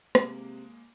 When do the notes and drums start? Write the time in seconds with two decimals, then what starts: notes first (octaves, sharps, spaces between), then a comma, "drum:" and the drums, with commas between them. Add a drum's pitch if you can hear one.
0.15 C3 G#3 A#3, drum: rim click